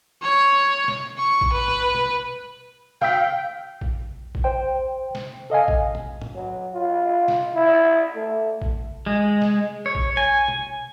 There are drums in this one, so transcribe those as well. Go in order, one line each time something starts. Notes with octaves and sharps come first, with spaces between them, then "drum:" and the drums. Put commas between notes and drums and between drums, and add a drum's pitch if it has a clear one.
C#5
drum: snare
C#6
drum: kick A#1
B4
drum: tom G#2
drum: tom B2
F5 G5 E6 B6, drum: snare
drum: kick A#1
drum: kick A#1
C5 G5
drum: snare
A4 D#5 F5 G#5
drum: kick A#1
drum: tom B2
drum: tom G#2
F#3
F4
drum: snare
E4
A3
drum: kick A#1
G#3
drum: snare
C#5
drum: kick A#1
G#5
drum: tom B2